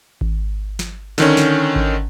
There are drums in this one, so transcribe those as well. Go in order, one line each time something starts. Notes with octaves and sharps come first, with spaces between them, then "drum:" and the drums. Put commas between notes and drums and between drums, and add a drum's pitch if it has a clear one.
drum: kick G#1
drum: snare
D3 D#3 C#4, drum: snare
drum: snare
drum: kick G#1